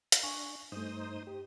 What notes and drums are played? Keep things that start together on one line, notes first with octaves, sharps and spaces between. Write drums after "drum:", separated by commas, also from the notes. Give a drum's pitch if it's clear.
drum: hi-hat
D4 G#5 C#6
G2 A3 D#4 C5 D#6
G4